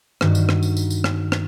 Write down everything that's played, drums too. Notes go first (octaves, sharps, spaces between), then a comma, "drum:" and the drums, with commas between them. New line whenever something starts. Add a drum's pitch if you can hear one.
G2 D#3 F#4, drum: rim click
drum: tambourine
drum: rim click
drum: tambourine
drum: tambourine
drum: tambourine
drum: rim click
drum: rim click